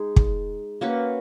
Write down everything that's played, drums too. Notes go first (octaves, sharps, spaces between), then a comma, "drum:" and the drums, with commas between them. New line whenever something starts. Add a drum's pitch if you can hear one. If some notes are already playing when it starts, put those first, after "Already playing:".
Already playing: G#3 D#4 G#4
drum: kick
A#3 C#4 F#4 B4